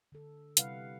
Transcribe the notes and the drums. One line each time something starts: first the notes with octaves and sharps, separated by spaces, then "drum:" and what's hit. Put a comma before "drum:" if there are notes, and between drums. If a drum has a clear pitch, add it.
D3 A4
C3 G3 E4 B4 F5 F#5, drum: hi-hat